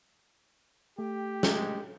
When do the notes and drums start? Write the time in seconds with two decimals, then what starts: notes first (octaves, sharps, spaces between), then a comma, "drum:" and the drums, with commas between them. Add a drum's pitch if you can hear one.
0.99 A3 G4 G5
1.43 G#3, drum: snare